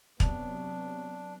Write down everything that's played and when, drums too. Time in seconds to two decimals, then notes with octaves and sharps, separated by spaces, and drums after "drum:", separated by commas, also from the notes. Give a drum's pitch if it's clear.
0.20 C3 F#3 B3 D4, drum: kick